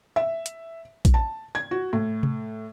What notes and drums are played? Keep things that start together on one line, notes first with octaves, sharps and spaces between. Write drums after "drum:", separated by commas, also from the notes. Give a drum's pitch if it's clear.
E5
drum: hi-hat
drum: kick, hi-hat
A5
G#6
F#4
A2
drum: tom C3